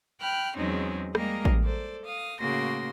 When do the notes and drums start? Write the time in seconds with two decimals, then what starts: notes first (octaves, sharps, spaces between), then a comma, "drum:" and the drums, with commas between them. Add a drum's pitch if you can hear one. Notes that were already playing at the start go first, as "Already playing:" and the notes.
0.21 G5 B5 F6 F#6
0.57 E2 F#3 G#3 C4 C#4 D#4
1.15 G3 G#3 A#3 A#4 D#5 A#5, drum: rim click
1.45 drum: kick A1
1.65 A4 C5 D5
2.05 F5 D#6
2.41 A2 C#3 A#3 F#4 C6 A#6